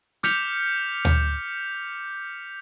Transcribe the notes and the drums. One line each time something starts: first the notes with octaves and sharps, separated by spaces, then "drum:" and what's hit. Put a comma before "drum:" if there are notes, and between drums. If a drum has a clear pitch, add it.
D6 F6 G6 B6 C#7 F7, drum: hi-hat
drum: tom D2